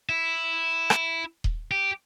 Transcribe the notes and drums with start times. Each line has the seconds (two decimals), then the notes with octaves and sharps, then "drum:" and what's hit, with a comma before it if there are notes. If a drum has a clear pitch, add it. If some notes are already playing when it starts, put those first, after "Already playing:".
0.09 E4
0.90 drum: rim click
1.44 drum: kick D#1
1.71 G4